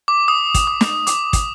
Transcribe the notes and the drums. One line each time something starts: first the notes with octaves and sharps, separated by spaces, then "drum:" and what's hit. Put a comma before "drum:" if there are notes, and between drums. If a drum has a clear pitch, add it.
D6
D#6
drum: kick, hi-hat
D6
drum: snare
D6, drum: hi-hat
drum: kick, hi-hat